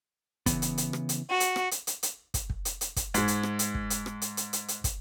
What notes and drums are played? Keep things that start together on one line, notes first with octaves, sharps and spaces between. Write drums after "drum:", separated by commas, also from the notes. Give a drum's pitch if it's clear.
C#3 E3 B3, drum: kick, hi-hat
drum: hi-hat
drum: hi-hat
drum: rim click
drum: hi-hat
F#4
drum: hi-hat
drum: rim click
drum: hi-hat
drum: hi-hat
drum: hi-hat
drum: kick, hi-hat
drum: kick
drum: hi-hat
drum: hi-hat
drum: kick, hi-hat
G#2 G#3, drum: hi-hat
drum: hi-hat
drum: rim click
drum: hi-hat
drum: kick
drum: hi-hat
drum: rim click
drum: hi-hat
drum: hi-hat
drum: hi-hat
drum: hi-hat
drum: kick, hi-hat